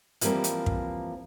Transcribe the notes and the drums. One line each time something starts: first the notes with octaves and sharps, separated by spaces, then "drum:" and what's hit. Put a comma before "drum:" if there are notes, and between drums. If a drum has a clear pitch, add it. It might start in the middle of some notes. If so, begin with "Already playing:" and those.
E3 F3 G3 A#3 C4, drum: hi-hat
drum: hi-hat
drum: kick